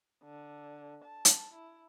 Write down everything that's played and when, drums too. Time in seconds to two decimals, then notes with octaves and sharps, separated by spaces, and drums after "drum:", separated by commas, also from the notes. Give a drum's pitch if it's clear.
0.24 D3
1.05 A5
1.25 drum: hi-hat
1.54 E4